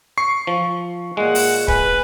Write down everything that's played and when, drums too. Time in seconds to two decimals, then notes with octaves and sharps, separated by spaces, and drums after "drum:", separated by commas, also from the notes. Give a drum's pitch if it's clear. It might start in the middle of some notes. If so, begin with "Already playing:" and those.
0.18 C#6 C7
0.47 F3
1.17 A#2 G#3 F#5
1.35 drum: open hi-hat
1.68 B4 G#5, drum: kick D1